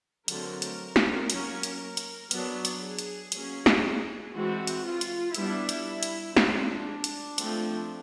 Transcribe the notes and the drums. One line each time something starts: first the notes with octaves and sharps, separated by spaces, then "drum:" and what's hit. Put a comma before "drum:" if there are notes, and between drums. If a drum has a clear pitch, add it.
D3 F#3 A3 C4 A#4, drum: hi-hat
drum: hi-hat
drum: snare
F#3 A#3 C#4, drum: hi-hat
drum: hi-hat
drum: hi-hat
F#3 B3 D4, drum: hi-hat
drum: hi-hat
G#4
drum: hi-hat
F#3 A#3 C#4, drum: hi-hat
drum: snare
E3 G#3 C4 F#4
drum: hi-hat
F4
drum: hi-hat
G3 B3 D4 E4, drum: hi-hat
drum: hi-hat
drum: hi-hat
F3 G#3 C4 D4, drum: snare
drum: hi-hat
F3 A3 C4, drum: hi-hat